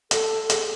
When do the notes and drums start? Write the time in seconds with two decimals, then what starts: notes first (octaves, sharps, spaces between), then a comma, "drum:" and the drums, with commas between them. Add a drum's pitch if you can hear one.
0.11 A4, drum: hi-hat
0.50 G#4, drum: hi-hat